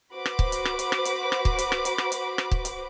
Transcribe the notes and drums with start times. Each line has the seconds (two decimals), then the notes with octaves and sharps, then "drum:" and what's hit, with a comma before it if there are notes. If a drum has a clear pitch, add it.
0.12 F#4 B4 C5 B5 D6
0.26 drum: rim click
0.39 drum: kick
0.52 drum: hi-hat
0.65 drum: rim click
0.79 drum: hi-hat
0.92 drum: rim click
1.05 drum: hi-hat
1.32 drum: rim click
1.45 drum: kick
1.58 drum: hi-hat
1.72 drum: rim click
1.85 drum: hi-hat
1.98 drum: rim click
2.12 drum: hi-hat
2.38 drum: rim click
2.51 drum: kick
2.65 drum: hi-hat